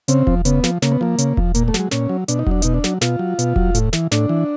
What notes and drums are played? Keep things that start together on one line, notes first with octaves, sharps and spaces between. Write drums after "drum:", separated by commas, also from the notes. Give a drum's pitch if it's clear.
C#3 C4, drum: hi-hat
F3, drum: kick E1
C#3 B3, drum: hi-hat
F3, drum: snare
C#3 A#3, drum: snare
B3
F3 A#3
C#3, drum: hi-hat
F3, drum: kick E1
A#2 A#3, drum: hi-hat
A3
F#3, drum: snare
G#3
A#2 C#4, drum: snare
F#3
B2 D4, drum: hi-hat
D#4
F#3 D4, drum: kick E1
B2 D#4, drum: hi-hat
D4
F#3, drum: snare
B2 F4, drum: snare
F#3
B2, drum: hi-hat
F#3, drum: kick E1
A2, drum: hi-hat
E3, drum: snare
A2 D4, drum: snare
E3